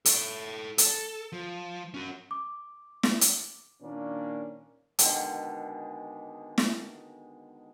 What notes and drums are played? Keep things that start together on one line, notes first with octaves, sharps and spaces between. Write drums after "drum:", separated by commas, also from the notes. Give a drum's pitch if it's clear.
A4 C#5, drum: hi-hat
A4, drum: hi-hat
F3
C#4 F#4
D6
drum: snare
drum: hi-hat
A#2 D#3 A#3 C#4 D4
B2 D3 D#3 G#3, drum: hi-hat
drum: snare